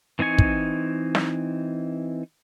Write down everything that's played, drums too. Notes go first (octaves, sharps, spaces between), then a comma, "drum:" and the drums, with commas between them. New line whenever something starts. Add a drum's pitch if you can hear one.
E3 C4 D#4 G#5 C#6
drum: kick
drum: snare